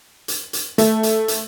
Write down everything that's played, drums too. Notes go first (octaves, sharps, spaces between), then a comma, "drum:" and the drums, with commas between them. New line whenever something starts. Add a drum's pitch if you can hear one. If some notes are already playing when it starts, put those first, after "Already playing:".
drum: hi-hat
drum: hi-hat
A3, drum: hi-hat
drum: hi-hat
drum: hi-hat